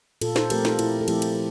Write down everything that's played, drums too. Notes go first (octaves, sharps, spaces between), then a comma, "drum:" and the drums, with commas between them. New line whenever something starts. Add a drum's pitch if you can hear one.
A#2 F4 A4, drum: cymbal
A4 C5, drum: snare
F3 A3 C4 G4 A#4, drum: cymbal
F4 A4, drum: snare
A#2 E4 G4, drum: cymbal
A4
F3 A3 C4 E4 G4, drum: cymbal
drum: cymbal